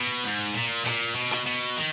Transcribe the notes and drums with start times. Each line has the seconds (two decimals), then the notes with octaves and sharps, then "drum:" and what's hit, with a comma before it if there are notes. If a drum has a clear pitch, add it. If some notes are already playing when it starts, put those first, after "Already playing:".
Already playing: B2
0.24 G#2
0.54 A#2
0.86 A#2, drum: hi-hat
1.16 B2
1.31 drum: hi-hat
1.46 B2
1.77 D#3